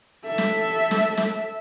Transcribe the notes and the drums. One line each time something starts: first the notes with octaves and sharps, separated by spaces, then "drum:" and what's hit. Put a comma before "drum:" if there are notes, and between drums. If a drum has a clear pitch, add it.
A4 E5
drum: snare
drum: snare
drum: snare